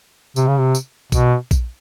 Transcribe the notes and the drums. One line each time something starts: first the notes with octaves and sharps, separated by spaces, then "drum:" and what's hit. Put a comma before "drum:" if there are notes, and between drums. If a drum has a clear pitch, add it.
C3, drum: tambourine
C#3
C3
drum: tambourine
B2, drum: kick A#1, tambourine
drum: kick A#1, tambourine